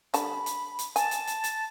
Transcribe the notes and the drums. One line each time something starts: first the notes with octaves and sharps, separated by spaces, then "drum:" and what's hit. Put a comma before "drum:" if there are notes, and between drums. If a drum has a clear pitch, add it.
D3 G3 A5 B5, drum: hi-hat
drum: hi-hat
drum: hi-hat
G#5 A5, drum: hi-hat
drum: hi-hat
drum: hi-hat
drum: hi-hat